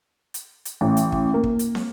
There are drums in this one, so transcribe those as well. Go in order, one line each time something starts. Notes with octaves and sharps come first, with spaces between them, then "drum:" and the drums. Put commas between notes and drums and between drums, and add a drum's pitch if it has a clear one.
drum: hi-hat
drum: hi-hat
A1
drum: hi-hat
drum: kick
A#3
drum: kick
drum: hi-hat
drum: snare